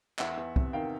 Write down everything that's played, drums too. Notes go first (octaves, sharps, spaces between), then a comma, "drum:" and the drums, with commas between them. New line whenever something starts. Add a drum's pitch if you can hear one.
E2 E5 F#5, drum: clap
E2
C3, drum: kick
D#3 F5 G5